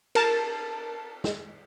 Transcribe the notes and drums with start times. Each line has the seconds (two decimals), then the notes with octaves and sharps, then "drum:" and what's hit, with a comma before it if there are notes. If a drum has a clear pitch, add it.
0.15 A#4 A5, drum: cymbal
1.24 drum: snare